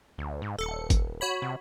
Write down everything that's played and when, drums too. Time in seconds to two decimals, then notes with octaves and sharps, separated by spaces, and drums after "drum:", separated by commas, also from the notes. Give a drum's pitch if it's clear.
0.18 D2
0.42 G#2
0.59 D#1 A4 C#7
0.90 drum: kick G#1, hi-hat
1.21 F#4 C#5 B5
1.42 C3